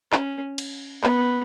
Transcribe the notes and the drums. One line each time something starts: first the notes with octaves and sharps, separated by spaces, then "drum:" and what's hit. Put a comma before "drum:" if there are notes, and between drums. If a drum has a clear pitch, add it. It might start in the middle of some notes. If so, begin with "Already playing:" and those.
C#4, drum: clap
drum: cymbal
B3, drum: clap